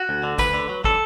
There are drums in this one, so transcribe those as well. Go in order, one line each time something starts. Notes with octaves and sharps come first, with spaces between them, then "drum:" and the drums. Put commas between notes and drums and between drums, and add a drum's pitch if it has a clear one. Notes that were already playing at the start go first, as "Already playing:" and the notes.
Already playing: F#4
D2
D3
D2 B4, drum: kick, tambourine
D3
F#3
D3 A4, drum: kick